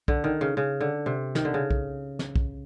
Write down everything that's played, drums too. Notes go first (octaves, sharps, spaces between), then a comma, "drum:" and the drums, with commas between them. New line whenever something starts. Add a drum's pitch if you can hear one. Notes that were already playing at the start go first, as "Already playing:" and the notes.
D3, drum: kick
D#3
C#3
C#3
D3
C3
D#3, drum: snare
D3
C#3
drum: kick
drum: snare
drum: kick